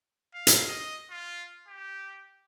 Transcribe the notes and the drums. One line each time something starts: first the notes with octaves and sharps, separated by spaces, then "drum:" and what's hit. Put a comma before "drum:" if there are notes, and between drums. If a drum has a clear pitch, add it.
F5
drum: hi-hat
D#5
F4
G4